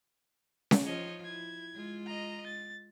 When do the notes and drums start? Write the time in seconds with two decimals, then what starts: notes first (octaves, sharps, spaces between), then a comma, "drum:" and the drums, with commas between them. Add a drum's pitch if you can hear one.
0.71 drum: snare C#4
0.85 F3 D#4 F4 C#5 D#5
1.25 E4 G#6
1.75 G#3 F4
2.07 D#5 A#5
2.47 A6